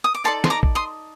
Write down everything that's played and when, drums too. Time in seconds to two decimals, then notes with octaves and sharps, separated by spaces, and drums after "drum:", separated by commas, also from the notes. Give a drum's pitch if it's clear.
0.04 D#6
0.15 D6
0.24 D#4 A4 D5 A5 C6
0.44 C6, drum: snare
0.50 A#5 D6
0.63 drum: kick A#1
0.75 C6 D#6